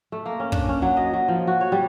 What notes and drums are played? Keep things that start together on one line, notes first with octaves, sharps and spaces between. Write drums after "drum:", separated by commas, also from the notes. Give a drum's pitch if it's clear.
A3
A#3
C#4
D4, drum: kick
C#4
F#3
D#5
F#3
F3
F#4
C#5
G3